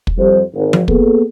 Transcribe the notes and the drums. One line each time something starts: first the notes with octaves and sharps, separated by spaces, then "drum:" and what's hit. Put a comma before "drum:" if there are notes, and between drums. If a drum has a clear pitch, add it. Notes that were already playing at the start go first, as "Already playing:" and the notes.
drum: kick
F2 G3 C5
G#1
drum: tom F3
A#3 B3 G#4 A4, drum: kick